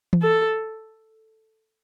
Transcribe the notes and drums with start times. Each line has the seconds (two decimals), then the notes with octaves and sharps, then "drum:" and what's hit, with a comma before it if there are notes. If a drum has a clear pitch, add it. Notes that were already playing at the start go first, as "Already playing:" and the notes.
0.13 drum: tom E3
0.22 A4